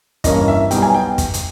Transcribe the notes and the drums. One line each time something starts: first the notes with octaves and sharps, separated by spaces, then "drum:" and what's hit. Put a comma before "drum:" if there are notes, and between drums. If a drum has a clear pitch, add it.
G2 E3 A#3 C#4 D#5, drum: kick, hi-hat
E5
B1 B2 G3 B3 D#4 G5, drum: hi-hat
G#5
G5
drum: kick, hi-hat
drum: hi-hat